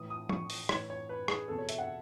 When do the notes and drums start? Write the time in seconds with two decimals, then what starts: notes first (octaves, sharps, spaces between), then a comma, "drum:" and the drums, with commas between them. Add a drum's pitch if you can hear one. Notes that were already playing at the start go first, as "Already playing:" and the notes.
Already playing: A2 E3 D#6
0.10 D#6
0.29 C#6, drum: tom F3
0.50 drum: open hi-hat
0.69 A2 E3 C#5, drum: rim click
0.90 C#5
1.09 B4
1.28 G#4, drum: rim click
1.48 E2 B2 A4
1.58 C#5
1.69 E5, drum: hi-hat
1.78 F#5